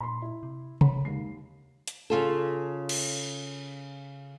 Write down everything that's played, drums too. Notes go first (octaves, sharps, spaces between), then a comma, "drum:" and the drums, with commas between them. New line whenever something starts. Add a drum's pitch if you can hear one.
A#2 B5 C6
E4
C3
C#5 F#5 B5, drum: tom C3
D#2 G#3 C7
drum: hi-hat
C#3 F4 A4
drum: cymbal